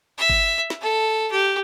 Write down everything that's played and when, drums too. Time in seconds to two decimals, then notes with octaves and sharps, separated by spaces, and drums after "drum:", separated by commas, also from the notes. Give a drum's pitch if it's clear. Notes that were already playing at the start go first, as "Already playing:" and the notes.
0.18 E5
0.30 drum: kick G1
0.70 drum: snare
0.81 A4
1.32 G4